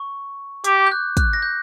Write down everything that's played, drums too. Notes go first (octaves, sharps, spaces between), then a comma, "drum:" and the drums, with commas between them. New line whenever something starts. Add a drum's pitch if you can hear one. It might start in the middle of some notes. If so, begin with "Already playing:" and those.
Already playing: C#6
G4 D6, drum: hi-hat
G6
F#6
F#6, drum: kick, hi-hat
A#6
G6